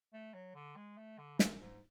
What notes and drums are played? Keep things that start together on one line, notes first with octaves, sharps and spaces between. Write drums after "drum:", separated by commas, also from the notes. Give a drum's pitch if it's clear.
A3
F#3
D3
G#3
A3
D3
F#2, drum: snare
G#2